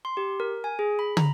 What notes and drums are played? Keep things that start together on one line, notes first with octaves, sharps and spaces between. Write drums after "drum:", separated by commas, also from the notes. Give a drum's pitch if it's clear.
C6
G4
A#4
G#5
G#4
B5
A#5, drum: tom